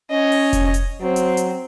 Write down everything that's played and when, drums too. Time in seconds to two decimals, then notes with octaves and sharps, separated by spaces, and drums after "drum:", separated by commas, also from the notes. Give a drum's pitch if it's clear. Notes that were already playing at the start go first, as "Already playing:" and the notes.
0.11 C#4 C#5 D#5
0.32 drum: open hi-hat
0.53 drum: kick F1, hi-hat
0.74 drum: hi-hat
1.01 F#3 C4
1.16 drum: hi-hat
1.37 drum: hi-hat